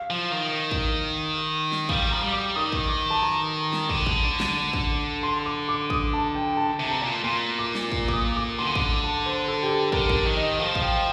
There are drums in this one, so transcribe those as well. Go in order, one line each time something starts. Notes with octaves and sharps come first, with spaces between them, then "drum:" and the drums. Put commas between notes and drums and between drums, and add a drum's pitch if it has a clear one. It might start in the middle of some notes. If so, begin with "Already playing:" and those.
Already playing: F5
F3
D#3
drum: kick
drum: snare
G3 F5, drum: kick
F3 A#5
G3
D6
D#3 D#6
drum: kick
D6
A5
A#5
drum: snare
D3, drum: kick
drum: kick
drum: snare
drum: kick
C6
D6
D6
D#6, drum: kick
A5
G5
A5
C3 A5
A#5
A#2
A#2 C6
D6
drum: snare
drum: kick
D6, drum: kick
D#6
D6
D3 C6
drum: kick
A5
C5
A4
G4
A4
D3 A#4, drum: kick
drum: kick
D#3
D#5
F3 F5
F5, drum: kick
G5